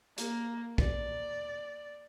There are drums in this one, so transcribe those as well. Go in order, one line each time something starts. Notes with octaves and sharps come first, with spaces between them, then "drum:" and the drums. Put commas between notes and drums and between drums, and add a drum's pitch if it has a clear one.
A#3, drum: hi-hat
D5, drum: kick A#1